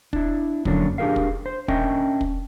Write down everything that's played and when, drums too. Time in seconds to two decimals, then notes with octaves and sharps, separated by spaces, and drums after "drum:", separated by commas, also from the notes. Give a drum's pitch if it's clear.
0.13 D4 E4, drum: kick
0.65 F2 D3 F#3 A#3 C#4 D4, drum: kick
0.98 D4 G4 G#4 A#4 F5
1.16 drum: kick
1.46 C5
1.68 C#4 D4 A#4 D#5 E5 G5, drum: kick
2.21 drum: kick